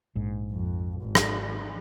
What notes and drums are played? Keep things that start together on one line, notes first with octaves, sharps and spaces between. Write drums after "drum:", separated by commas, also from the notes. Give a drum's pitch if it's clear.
A#1 G#2
F2
G#1
drum: rim click